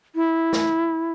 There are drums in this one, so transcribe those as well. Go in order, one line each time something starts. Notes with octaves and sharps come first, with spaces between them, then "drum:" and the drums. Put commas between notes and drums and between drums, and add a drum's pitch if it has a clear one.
E4
drum: snare